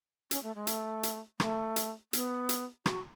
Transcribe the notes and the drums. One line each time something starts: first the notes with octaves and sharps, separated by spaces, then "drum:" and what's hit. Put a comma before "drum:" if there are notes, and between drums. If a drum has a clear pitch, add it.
C#4, drum: hi-hat
A3
G#3
A3, drum: hi-hat
drum: hi-hat
A3, drum: rim click
drum: hi-hat
B3, drum: hi-hat
drum: hi-hat
F#4, drum: rim click